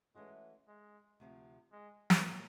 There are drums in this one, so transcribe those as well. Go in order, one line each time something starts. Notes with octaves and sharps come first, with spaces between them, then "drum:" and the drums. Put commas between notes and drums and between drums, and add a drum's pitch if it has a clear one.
E3 G#3 A3 C#4 F#4
G#3
D2 C3 F3
G#3
drum: snare
A#2 F#3 A#3